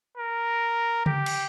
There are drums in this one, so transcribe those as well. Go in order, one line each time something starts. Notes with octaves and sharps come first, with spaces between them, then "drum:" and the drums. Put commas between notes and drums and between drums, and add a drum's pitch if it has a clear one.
A#4
G4, drum: tom C#3
drum: cymbal